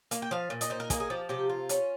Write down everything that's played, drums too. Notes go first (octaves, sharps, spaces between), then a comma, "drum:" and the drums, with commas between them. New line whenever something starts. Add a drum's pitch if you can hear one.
A#3 F5, drum: hi-hat
G5
F3 F5
A#2
D#5, drum: hi-hat
D#4 C5
A#4
A#3 G#4, drum: kick, hi-hat
G#4
F3 G4
C3 G4
F4
C#4, drum: hi-hat